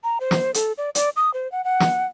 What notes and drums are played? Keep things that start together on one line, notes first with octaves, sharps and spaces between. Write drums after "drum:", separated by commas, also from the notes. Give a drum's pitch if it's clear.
A#5
C5
drum: snare
A4, drum: hi-hat
D5
D5, drum: hi-hat
D#6
C5
F#5
F#5
drum: snare